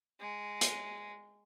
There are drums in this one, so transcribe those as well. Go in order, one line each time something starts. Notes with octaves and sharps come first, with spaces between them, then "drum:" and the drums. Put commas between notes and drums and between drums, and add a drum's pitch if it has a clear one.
G#3
drum: hi-hat